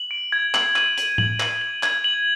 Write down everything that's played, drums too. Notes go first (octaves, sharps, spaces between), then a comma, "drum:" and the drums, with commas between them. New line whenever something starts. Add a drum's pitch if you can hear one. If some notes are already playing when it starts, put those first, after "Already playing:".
Already playing: F#7
D7
G#6
F#7, drum: clap
D#7, drum: clap
F#7, drum: hi-hat
F#7, drum: tom A2
F#7, drum: clap
F#7
G#6, drum: clap
F#7